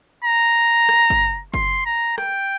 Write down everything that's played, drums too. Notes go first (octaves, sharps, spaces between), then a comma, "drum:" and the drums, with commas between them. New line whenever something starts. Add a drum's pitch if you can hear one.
A#5
drum: rim click
drum: kick F#1
C6, drum: kick F#1
A#5
G5, drum: rim click